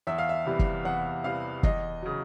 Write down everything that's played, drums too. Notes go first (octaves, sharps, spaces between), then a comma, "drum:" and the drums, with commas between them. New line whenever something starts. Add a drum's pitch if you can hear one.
E2 E5
F5
E5
C3 E3 G3 B3
drum: kick
E2 F#5
C3 E3 G3 B3 F5
E2 D#5, drum: kick
C#3 F#3